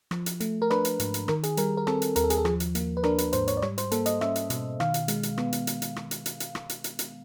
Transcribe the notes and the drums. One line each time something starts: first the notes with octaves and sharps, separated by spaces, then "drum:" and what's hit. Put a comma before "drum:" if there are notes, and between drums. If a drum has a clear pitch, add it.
F3, drum: rim click
drum: hi-hat
A3, drum: hi-hat
A#4
D4 B4, drum: rim click
drum: hi-hat
G#2, drum: hi-hat
drum: hi-hat
D#3 A#4, drum: rim click
G#4, drum: hi-hat
G3 A#4, drum: hi-hat
A#4
C4 A4, drum: rim click
drum: hi-hat
D#2 A#4, drum: hi-hat
A4
G#4, drum: hi-hat
A4
F3 G#4, drum: rim click
drum: hi-hat
A#3, drum: hi-hat
B4
D4 A#4, drum: rim click
B4, drum: hi-hat
G#2 C5, drum: hi-hat
C#5, drum: hi-hat
D5
G3 C#5, drum: rim click
C5, drum: hi-hat
A#3 A4, drum: hi-hat
D#5, drum: hi-hat
C#4 E5, drum: rim click
drum: hi-hat
B2, drum: hi-hat
D#3 F5, drum: rim click
drum: hi-hat
G#3, drum: hi-hat
drum: hi-hat
B3, drum: rim click
drum: hi-hat
drum: hi-hat
drum: hi-hat
drum: rim click
drum: hi-hat
drum: hi-hat
drum: hi-hat
drum: rim click
drum: hi-hat
drum: hi-hat
drum: hi-hat